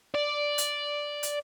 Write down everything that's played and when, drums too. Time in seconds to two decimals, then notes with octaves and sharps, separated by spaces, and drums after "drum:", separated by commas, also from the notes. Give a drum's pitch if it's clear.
0.15 D5
0.58 drum: hi-hat
1.23 drum: hi-hat